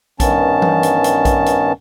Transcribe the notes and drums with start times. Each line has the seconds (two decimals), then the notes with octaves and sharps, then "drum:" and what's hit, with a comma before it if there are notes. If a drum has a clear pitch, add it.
0.20 G2 D#3 B3 C#4 A5, drum: kick A#1, hi-hat
0.62 drum: tom E3
0.83 drum: hi-hat
1.04 drum: hi-hat
1.25 drum: kick A#1, hi-hat
1.46 drum: hi-hat